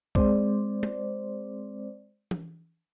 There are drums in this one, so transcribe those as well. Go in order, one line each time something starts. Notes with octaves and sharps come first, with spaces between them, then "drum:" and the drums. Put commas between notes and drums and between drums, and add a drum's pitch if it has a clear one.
G#3 C4 C5 D5, drum: kick
drum: tom
drum: tom E3